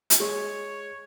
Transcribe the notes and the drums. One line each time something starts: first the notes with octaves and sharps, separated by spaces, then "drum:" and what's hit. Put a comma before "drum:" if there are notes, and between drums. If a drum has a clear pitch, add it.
drum: hi-hat
G#3 C#5